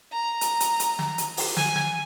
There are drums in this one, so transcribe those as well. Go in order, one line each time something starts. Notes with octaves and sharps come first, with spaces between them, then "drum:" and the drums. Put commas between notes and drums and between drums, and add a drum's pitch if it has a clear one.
A#5
drum: hi-hat
drum: hi-hat
drum: hi-hat
drum: snare
drum: hi-hat
drum: open hi-hat
G#5, drum: snare
drum: snare